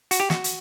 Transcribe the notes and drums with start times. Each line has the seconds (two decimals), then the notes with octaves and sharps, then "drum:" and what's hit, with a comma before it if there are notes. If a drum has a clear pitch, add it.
0.11 F#4, drum: hi-hat
0.20 G4
0.30 F#4, drum: snare
0.44 drum: hi-hat